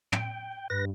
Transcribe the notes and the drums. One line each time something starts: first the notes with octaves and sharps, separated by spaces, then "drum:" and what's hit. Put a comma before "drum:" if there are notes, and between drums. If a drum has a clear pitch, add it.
G5, drum: tom
G2 B4 A#6